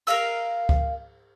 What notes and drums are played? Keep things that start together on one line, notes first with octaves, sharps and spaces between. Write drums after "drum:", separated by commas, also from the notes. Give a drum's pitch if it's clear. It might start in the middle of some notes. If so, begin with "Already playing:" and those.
A#4 D#5 F5 E6, drum: cymbal
drum: kick C#2